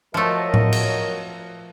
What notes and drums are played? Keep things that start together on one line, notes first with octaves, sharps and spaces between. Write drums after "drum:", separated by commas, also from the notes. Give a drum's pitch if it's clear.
F3 F#3 A3 A#4 D#5
drum: tom A2
drum: cymbal